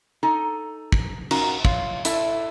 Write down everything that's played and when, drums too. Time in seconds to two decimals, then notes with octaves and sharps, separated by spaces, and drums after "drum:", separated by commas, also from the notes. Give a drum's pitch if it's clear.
0.23 D#4 A4 G#5
0.92 drum: kick
1.31 C#4 D#4 F4 F#4 A#4, drum: cymbal
1.65 F4 C#5 F5, drum: kick
2.05 E4 A4 E5 A5, drum: hi-hat